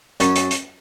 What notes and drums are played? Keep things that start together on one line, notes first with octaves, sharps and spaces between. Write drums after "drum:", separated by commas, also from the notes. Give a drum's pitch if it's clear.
F#2 C#4 C#5, drum: hi-hat
drum: hi-hat
drum: hi-hat